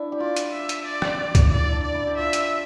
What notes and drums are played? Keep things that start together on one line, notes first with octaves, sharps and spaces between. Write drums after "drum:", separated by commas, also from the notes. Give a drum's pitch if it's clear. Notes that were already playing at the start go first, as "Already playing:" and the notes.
Already playing: D4 E4
G4
F4 D5
drum: hi-hat
E5
drum: hi-hat
D5
drum: rim click
drum: kick C#2, hi-hat
E4 D5
D4
D5
E4
G4
F4 E5
drum: hi-hat